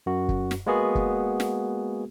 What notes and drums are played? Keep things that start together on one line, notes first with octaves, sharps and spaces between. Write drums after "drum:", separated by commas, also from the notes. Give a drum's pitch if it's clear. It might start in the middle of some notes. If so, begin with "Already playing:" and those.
F#2 F#4
drum: kick
drum: snare
G#3 A#3 B3 F#4 G#4
drum: kick
drum: snare